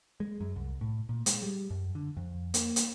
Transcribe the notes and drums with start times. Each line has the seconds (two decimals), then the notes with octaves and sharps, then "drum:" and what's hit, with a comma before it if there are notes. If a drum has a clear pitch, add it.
0.20 G#3
0.40 F#2
0.56 C2
0.81 A2
1.09 A#2
1.26 G#3, drum: hi-hat
1.43 G3
1.70 F#2
1.95 D3
2.17 F2
2.54 A#3, drum: hi-hat
2.76 drum: hi-hat